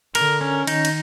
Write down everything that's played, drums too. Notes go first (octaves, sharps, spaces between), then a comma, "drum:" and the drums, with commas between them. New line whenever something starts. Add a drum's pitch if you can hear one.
D3 A#4, drum: cymbal
C#4
D#3 D#4, drum: cymbal
drum: cymbal